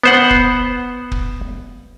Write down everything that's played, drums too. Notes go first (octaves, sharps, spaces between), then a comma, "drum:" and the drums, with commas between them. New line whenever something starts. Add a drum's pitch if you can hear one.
B3 C5 F#5
drum: kick
drum: kick